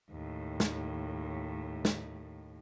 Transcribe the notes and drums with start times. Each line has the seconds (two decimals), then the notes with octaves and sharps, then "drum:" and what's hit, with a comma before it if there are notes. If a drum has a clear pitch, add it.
0.10 D#2 A2
0.60 drum: snare
1.85 drum: snare